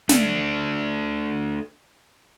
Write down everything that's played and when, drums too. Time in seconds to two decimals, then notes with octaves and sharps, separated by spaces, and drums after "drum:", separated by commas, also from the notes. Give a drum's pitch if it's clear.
0.09 A3 D4, drum: snare